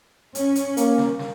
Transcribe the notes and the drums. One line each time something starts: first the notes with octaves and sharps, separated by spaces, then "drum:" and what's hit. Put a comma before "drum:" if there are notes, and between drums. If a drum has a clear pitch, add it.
C#4, drum: hi-hat
drum: hi-hat
A#3, drum: hi-hat
drum: snare
drum: snare